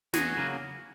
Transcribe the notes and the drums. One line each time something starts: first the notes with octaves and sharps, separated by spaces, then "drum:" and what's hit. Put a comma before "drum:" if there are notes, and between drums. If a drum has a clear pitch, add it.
E2 F#4 G#4, drum: snare
C#3 F#3 A#3